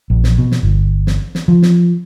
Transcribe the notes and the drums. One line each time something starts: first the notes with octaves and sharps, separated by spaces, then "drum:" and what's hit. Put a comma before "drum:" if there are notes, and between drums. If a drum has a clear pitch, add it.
A#1
drum: snare
B2
drum: snare
G1
drum: snare
drum: snare
F3
drum: snare